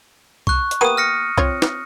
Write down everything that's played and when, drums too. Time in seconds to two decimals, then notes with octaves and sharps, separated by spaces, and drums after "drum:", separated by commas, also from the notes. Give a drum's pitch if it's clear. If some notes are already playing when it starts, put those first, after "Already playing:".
0.47 C#6 F#6, drum: kick
0.71 drum: hi-hat
0.81 A#3 B3 G4 D#6 D#7
0.97 F6 A#6 C#7
1.38 C4 F4 C#5, drum: kick
1.62 drum: snare